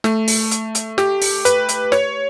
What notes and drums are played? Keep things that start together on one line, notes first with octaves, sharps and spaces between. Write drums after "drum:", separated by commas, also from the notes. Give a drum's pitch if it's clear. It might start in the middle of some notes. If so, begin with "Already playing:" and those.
A3, drum: snare
drum: open hi-hat
drum: hi-hat
drum: hi-hat
G4, drum: snare
drum: open hi-hat
B4, drum: hi-hat
drum: hi-hat
C#5, drum: snare